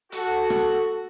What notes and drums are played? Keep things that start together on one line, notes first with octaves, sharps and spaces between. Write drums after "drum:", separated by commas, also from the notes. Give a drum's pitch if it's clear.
F#4 A4, drum: hi-hat
drum: rim click